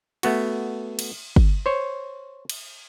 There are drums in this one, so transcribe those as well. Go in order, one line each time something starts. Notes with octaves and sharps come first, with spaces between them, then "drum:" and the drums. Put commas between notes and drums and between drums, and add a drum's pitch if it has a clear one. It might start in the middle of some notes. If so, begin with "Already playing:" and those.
A3 B3 F#4, drum: cymbal
drum: cymbal
drum: kick G1
C5 C#5
drum: cymbal